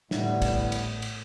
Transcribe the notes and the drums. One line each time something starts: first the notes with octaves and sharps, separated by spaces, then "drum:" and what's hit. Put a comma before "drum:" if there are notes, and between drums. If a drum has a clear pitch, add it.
E2 A2 D3 G3 B3 E4, drum: snare
drum: kick, cymbal
drum: cymbal
drum: cymbal